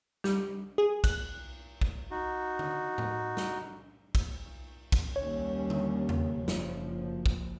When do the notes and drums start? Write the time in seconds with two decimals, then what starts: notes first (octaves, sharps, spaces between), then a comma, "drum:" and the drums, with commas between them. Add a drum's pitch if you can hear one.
0.24 G3, drum: snare
0.78 G#4
1.04 F#6, drum: kick, cymbal
1.81 drum: kick
2.11 D#4 F#4
2.59 drum: tom D3
2.98 drum: tom A2
3.37 drum: snare
4.15 drum: kick, cymbal
4.92 drum: kick, cymbal
5.16 D#2 G3 C#4 C#5
5.70 drum: tom D3
6.09 drum: tom E2
6.38 F#1 F3
6.48 drum: snare
7.26 drum: kick